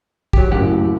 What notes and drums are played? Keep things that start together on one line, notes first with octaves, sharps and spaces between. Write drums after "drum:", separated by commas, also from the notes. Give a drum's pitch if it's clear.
F#3 G4, drum: kick
F#1 F#2 A2 G4 F#5